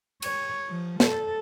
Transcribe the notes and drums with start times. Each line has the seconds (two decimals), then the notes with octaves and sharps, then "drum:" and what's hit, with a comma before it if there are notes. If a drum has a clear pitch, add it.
0.22 C#5, drum: cymbal
0.69 F3
1.00 A4, drum: snare